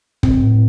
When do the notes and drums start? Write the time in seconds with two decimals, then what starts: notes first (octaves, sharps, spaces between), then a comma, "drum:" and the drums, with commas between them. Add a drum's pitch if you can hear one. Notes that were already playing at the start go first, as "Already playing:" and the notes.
0.23 C4, drum: kick
0.42 A2